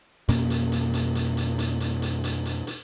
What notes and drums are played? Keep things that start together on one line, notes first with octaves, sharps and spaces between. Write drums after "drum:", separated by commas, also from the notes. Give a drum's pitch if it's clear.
F2 B2 A#3 C#4, drum: hi-hat
drum: hi-hat
drum: hi-hat
drum: hi-hat
drum: hi-hat
drum: hi-hat
drum: hi-hat
drum: hi-hat
drum: hi-hat
drum: hi-hat
drum: hi-hat
drum: hi-hat